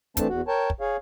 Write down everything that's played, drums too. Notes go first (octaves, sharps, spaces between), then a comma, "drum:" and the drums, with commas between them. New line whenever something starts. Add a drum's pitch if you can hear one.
E3 A3 C4 D4 A5, drum: kick, hi-hat
E2 F#4
A#4 C#5 G5 A5
drum: kick
G#4 C#5 F5